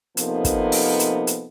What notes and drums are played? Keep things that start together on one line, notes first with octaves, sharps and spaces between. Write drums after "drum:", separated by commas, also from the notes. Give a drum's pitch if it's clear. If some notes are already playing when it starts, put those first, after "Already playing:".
C3 F3 A#3 B3 D#4 A4, drum: hi-hat
drum: kick, hi-hat
drum: open hi-hat
drum: hi-hat
drum: hi-hat